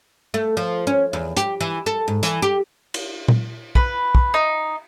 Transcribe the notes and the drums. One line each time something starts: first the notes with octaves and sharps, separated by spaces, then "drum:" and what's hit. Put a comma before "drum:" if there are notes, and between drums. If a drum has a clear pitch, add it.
A3
F3
C#4
E2
G4, drum: hi-hat
E3
A4
G#2
E3, drum: hi-hat
G4
drum: cymbal
drum: tom A#2
B4, drum: kick
drum: kick
D#4